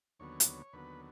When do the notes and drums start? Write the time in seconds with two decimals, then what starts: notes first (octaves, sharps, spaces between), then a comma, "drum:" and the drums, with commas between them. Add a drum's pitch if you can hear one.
0.20 D#2 D3 F#3 B3 C#5
0.40 drum: hi-hat
0.73 D#2 D3 F#3 B3 B4